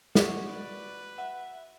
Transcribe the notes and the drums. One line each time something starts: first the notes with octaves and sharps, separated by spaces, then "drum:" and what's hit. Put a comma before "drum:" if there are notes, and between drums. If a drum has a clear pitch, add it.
F2 A#3 F#4, drum: snare
B4 D5
E5 F#5